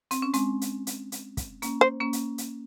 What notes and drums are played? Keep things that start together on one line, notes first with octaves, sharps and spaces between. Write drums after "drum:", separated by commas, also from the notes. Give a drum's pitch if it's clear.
C4, drum: hi-hat
C#4
G#3 C4, drum: hi-hat
drum: hi-hat
drum: hi-hat
drum: hi-hat
drum: kick, hi-hat
A#3 C#4, drum: hi-hat
C5
A#3 C#4
drum: hi-hat
drum: hi-hat